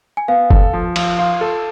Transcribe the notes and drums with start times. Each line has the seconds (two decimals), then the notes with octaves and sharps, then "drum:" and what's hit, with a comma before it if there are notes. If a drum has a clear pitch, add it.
0.17 G#5
0.28 B3 F5
0.50 A4, drum: kick
0.73 F3
0.96 F3, drum: cymbal
1.19 F4
1.41 A4